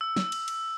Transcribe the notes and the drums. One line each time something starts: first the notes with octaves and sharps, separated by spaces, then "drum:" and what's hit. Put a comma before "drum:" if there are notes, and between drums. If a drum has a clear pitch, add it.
E6
drum: snare
drum: cymbal
drum: cymbal